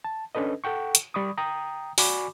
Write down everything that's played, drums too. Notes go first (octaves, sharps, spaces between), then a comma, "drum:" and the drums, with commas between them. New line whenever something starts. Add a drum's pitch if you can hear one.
A5
C#4 D4 A4 B4 D#5
A4 F#5 G5 C#6
drum: hi-hat
G3 D5 B5 C#6 D#6
G5 A#5 D#6
F#4 D5 G#5 B5 C#6 D6, drum: open hi-hat